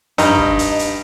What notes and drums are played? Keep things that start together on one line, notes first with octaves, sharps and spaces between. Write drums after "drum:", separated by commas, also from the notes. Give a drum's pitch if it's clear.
G2 D#4, drum: hi-hat
drum: kick
drum: hi-hat
drum: hi-hat